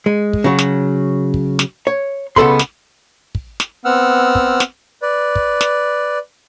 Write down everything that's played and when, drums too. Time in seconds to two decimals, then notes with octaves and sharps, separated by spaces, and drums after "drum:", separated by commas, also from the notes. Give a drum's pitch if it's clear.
0.06 G#3
0.33 drum: kick
0.44 C#3 F#3
0.59 drum: snare
1.34 drum: kick
1.59 drum: snare
1.87 C#5
2.36 C#2 C#3 B3 A4 B5 C6, drum: kick
2.59 drum: snare
3.35 drum: kick
3.60 drum: snare
3.85 B3 C4 F#5 E6 F6
4.35 drum: kick
4.60 drum: snare
5.02 B4 D5
5.36 drum: kick
5.61 drum: snare